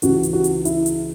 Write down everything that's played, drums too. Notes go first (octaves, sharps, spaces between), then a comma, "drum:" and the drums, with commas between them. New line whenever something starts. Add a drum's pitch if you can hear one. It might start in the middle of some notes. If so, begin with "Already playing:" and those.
C#2 C#3 E3 F#4, drum: hi-hat
drum: hi-hat
F#4
drum: hi-hat
E4, drum: hi-hat
drum: hi-hat